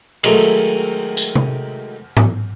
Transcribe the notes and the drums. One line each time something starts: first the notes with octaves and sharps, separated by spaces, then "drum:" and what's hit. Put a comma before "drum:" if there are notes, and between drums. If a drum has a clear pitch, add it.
D#3 F#3 G#3 A3, drum: cymbal
drum: tambourine
drum: tom C3
drum: tom G#2